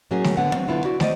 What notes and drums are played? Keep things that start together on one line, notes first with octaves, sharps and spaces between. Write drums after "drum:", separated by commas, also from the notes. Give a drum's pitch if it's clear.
A2 F#3 A#3 C#4 G#4
drum: snare
D3 B3 F#5
F#3 C4
D3 B3 E4 F4
E4 F#4 D5
C5 D5 D#5, drum: snare